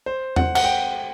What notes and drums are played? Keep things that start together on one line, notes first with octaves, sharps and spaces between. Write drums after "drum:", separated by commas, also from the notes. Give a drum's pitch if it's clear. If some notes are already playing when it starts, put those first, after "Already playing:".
C5
F#5, drum: tom E2
F#5, drum: cymbal
G5